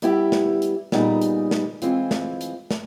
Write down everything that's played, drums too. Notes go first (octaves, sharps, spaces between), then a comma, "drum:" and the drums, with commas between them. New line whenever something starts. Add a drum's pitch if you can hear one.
G3 B3 E4 G4, drum: hi-hat
drum: snare
drum: hi-hat
A#2 G3 B3 D#4 G#4, drum: snare
drum: hi-hat
drum: snare
E3 G#3 C4 F4, drum: hi-hat
drum: snare
drum: hi-hat
drum: snare